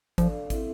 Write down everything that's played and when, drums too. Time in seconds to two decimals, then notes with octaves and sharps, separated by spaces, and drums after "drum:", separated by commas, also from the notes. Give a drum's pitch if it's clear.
0.18 F3 D4 A4 D5 F5, drum: kick, hi-hat
0.50 C4 E4 A4 E5, drum: kick, hi-hat